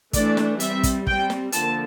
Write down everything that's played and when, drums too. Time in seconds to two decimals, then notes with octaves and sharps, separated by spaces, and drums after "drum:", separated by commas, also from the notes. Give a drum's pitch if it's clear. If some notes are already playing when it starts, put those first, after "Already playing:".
0.13 E3 A3 D4 D5, drum: kick, hi-hat
0.37 drum: snare
0.60 G3 C4 E5, drum: hi-hat
0.83 drum: kick, hi-hat
1.07 G3 C4 G5, drum: kick
1.30 drum: snare
1.52 D3 F3 A#3 A5, drum: hi-hat